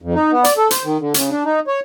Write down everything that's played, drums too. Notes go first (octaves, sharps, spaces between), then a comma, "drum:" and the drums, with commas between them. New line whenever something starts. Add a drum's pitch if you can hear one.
F2
D#4
B3
D5, drum: hi-hat
A4
C5, drum: hi-hat
D#3
D3
C#3, drum: hi-hat
D4
D#4
C#5